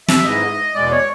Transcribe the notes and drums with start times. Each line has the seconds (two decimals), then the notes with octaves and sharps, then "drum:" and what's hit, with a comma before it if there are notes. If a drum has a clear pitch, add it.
0.08 E5, drum: snare
0.24 G#2 E3 G#3 D#5
0.75 E2 B2 G#3 D5
0.91 C#5